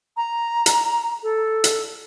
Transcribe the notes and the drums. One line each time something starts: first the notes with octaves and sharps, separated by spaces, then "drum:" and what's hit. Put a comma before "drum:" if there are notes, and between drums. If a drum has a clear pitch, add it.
A#5
drum: hi-hat
A4
drum: hi-hat